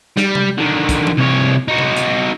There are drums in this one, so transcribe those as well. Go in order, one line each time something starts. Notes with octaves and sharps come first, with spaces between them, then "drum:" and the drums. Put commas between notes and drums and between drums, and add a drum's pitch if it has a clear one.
G3, drum: snare
drum: tom C3
D3 D#3
drum: kick, hi-hat
drum: tom E3
C2 C#5
D#4 F#4
drum: tom C3
drum: hi-hat